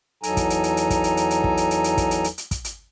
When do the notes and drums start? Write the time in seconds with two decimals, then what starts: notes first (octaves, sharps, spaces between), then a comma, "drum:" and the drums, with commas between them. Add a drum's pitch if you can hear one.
0.23 E2 F#3 D#4 A4 G#5 A#5, drum: hi-hat
0.37 drum: kick, hi-hat
0.50 drum: hi-hat
0.64 drum: hi-hat
0.77 drum: hi-hat
0.90 drum: kick, hi-hat
1.04 drum: hi-hat
1.17 drum: hi-hat
1.31 drum: hi-hat
1.44 drum: kick
1.57 drum: hi-hat
1.71 drum: hi-hat
1.84 drum: hi-hat
1.98 drum: kick, hi-hat
2.11 drum: hi-hat
2.24 drum: hi-hat
2.38 drum: hi-hat
2.51 drum: kick, hi-hat
2.65 drum: hi-hat